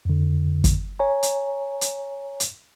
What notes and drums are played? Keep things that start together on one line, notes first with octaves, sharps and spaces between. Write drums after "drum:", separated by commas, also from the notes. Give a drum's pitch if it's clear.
F2 D3
drum: kick, hi-hat
C#5 G#5 A#5
drum: hi-hat
drum: hi-hat
drum: hi-hat